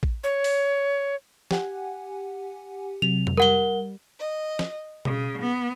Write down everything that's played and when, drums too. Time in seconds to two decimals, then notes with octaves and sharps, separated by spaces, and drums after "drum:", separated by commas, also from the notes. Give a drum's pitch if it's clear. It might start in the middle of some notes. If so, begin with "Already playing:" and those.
0.03 drum: kick A1
0.24 C#5
0.44 drum: open hi-hat
1.51 G4 F#5 G#5, drum: snare
3.02 C3 F#3 F7
3.27 drum: tom F2
3.37 G3 A#4 F#5 G7
4.21 D#5
4.59 drum: snare
5.05 C#3, drum: tom B2
5.40 B3